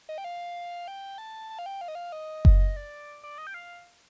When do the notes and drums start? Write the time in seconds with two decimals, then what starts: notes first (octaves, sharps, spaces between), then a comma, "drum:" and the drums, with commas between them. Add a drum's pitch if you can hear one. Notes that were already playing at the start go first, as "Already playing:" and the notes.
0.09 D#5
0.18 G5
0.24 F5
0.88 G5
1.18 A5
1.50 A5
1.59 F5
1.66 G5
1.81 F5
1.88 D#5
1.95 F5
2.12 D#5
2.45 D#5, drum: kick F#1
2.59 D#5
2.76 D5
3.24 D5
3.38 D#5
3.47 G5
3.54 F5